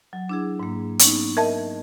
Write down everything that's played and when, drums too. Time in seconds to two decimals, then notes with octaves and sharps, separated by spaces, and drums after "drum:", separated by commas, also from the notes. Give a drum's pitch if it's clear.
0.13 F#3
0.29 D4 E4 G#4
0.60 G#2 A#3
0.99 B3 C#4 D#4, drum: hi-hat
1.37 A#4 D#5 E5 A5